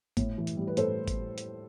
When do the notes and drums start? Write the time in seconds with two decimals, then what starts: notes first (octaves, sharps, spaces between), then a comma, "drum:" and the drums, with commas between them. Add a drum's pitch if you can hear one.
0.17 A2, drum: kick G#1, hi-hat
0.38 E3
0.47 drum: hi-hat
0.57 G3
0.67 B4
0.77 A2 A4 C5, drum: hi-hat
1.08 drum: kick G#1, hi-hat
1.38 drum: hi-hat